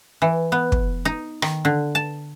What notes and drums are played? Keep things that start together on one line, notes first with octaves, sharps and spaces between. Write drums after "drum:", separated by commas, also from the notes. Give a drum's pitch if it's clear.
E3
B3
drum: kick
D#4
D#3, drum: rim click
D3
A5